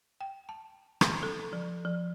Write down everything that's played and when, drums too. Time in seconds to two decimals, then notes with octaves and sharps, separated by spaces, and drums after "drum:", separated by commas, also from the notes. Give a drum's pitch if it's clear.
0.21 G5
0.49 A5
1.01 drum: rim click
1.23 A4
1.53 F3
1.85 F3